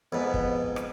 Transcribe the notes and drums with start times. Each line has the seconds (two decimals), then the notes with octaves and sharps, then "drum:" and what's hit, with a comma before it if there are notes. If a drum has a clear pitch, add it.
0.13 F2 G#2 B3
0.34 drum: kick
0.76 drum: rim click